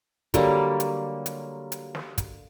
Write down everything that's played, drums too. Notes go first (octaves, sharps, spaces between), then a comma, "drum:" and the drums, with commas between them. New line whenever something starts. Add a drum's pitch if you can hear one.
D3 F#3 G3 A#3, drum: kick, hi-hat
drum: hi-hat
drum: hi-hat
drum: hi-hat
drum: snare
drum: kick, hi-hat